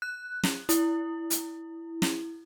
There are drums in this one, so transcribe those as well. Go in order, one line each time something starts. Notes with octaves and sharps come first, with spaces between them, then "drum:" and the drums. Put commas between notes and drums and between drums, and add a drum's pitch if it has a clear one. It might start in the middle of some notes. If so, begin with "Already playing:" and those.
F#6
drum: snare
E4, drum: hi-hat
drum: hi-hat
drum: snare